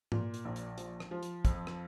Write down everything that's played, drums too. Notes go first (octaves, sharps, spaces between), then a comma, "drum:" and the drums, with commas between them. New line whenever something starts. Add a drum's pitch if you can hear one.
A#2, drum: tom G#2
drum: hi-hat
A#1
drum: hi-hat
F3, drum: hi-hat
drum: rim click
F3
drum: hi-hat
F2, drum: kick, hi-hat
drum: rim click